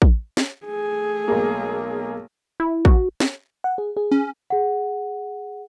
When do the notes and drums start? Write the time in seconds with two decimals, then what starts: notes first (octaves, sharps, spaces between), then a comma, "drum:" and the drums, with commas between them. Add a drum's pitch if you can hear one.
0.02 drum: kick
0.37 drum: snare
0.66 A3 G#4
1.28 B1 G#3 A#3
2.60 E4
2.85 F#4, drum: kick
3.20 drum: snare
3.64 F#5
3.78 G#4
3.97 G#4
4.11 C#4
4.50 G#4 F#5